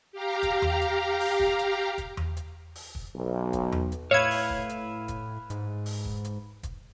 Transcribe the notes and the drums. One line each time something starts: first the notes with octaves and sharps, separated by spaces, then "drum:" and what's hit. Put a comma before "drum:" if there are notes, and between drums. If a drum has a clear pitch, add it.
G4 F5 A#5
drum: kick, hi-hat
drum: tom E2
drum: hi-hat
drum: open hi-hat
drum: kick
drum: hi-hat
drum: kick, hi-hat
drum: tom E2
drum: hi-hat
drum: open hi-hat
drum: kick
B1
drum: kick, hi-hat
drum: tom E2
drum: hi-hat
A2 B4 C#5 E5 F5 G#6
drum: open hi-hat
drum: kick
drum: hi-hat
drum: kick, hi-hat
G#2, drum: hi-hat
drum: open hi-hat
drum: kick
drum: hi-hat
drum: kick, hi-hat